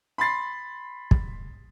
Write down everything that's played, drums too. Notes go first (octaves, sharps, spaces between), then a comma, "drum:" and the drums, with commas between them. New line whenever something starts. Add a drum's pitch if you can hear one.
B5 C6 A6 C7
drum: kick